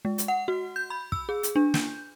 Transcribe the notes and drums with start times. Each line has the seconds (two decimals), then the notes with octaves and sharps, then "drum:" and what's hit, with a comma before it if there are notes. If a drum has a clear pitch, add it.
0.05 G#3
0.18 drum: hi-hat
0.28 F#5
0.48 F#4
0.76 G6
0.90 B5
1.12 E6, drum: kick
1.29 G#4
1.43 drum: hi-hat
1.56 D4
1.74 G6, drum: snare